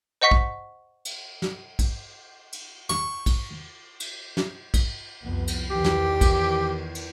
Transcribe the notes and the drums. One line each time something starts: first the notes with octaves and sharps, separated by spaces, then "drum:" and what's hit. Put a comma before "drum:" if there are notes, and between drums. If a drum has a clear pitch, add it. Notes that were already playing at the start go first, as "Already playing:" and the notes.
C5 D#5 F#5 C#6 B6
drum: kick
drum: cymbal
drum: snare
drum: kick, cymbal
drum: cymbal
C#6, drum: snare
drum: kick, cymbal
drum: cymbal
drum: snare
drum: kick, cymbal
C2 F2 B3
drum: cymbal
E2 D#3 E3 G4
drum: snare
drum: kick, cymbal
drum: cymbal